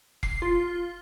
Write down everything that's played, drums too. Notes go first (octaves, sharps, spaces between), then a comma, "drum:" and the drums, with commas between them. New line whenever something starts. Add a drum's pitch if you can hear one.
C7, drum: kick F1
F4